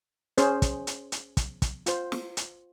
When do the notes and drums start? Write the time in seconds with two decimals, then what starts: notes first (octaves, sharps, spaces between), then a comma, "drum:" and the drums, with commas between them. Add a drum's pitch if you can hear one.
0.38 C#4 G#4 C5, drum: hi-hat
0.62 drum: kick, hi-hat
0.87 drum: hi-hat
1.12 drum: hi-hat
1.37 drum: kick, hi-hat
1.62 drum: kick, hi-hat
1.86 F4 C5, drum: hi-hat
2.12 drum: snare
2.37 drum: hi-hat